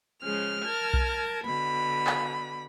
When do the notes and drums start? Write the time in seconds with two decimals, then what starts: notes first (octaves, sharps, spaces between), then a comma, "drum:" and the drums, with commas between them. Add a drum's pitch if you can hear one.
0.22 C#3 F3 G#3 F6
0.65 A#4 A5 G#6
0.94 drum: kick B1
1.45 B2 D3 B5
2.07 drum: clap